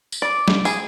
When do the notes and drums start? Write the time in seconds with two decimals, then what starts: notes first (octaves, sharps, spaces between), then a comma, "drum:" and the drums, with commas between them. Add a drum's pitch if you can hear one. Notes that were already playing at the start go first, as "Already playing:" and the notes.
0.12 drum: tambourine
0.22 D5
0.48 drum: snare
0.65 G#4, drum: tambourine